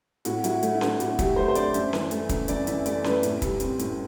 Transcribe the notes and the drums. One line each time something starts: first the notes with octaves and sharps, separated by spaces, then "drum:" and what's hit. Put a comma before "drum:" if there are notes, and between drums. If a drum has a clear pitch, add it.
A2 F#4, drum: hi-hat
F#3 E4, drum: hi-hat
F#4
A3, drum: hi-hat
E4
D4, drum: snare C#4
A2 F#4, drum: hi-hat
F#3 G4, drum: kick, hi-hat
A3 C5
C5
D4 D5, drum: hi-hat
F#2 E5, drum: hi-hat
E3, drum: snare C#4
A3, drum: hi-hat
F#2, drum: kick, hi-hat
F#2 D5, drum: hi-hat
E3 E5, drum: hi-hat
A3 D5, drum: hi-hat
F#2 B4, drum: snare C#4
A2, drum: hi-hat
G3, drum: kick, hi-hat
C4, drum: hi-hat
A2, drum: hi-hat